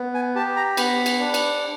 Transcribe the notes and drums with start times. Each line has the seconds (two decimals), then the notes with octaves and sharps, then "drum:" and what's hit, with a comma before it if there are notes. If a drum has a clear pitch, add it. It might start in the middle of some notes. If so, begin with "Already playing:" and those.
Already playing: B3
0.15 G#5
0.35 G4 A5
0.56 A#5
0.77 B3 B5, drum: cymbal
1.06 drum: cymbal
1.20 D4
1.34 drum: cymbal